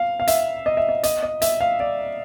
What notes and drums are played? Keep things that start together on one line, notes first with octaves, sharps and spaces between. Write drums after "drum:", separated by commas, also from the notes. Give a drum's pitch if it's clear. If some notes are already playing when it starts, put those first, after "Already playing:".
Already playing: F5
F5
E5, drum: hi-hat
D#5
E5
D#5
D#5, drum: hi-hat
D#5
E5, drum: hi-hat
F5
D5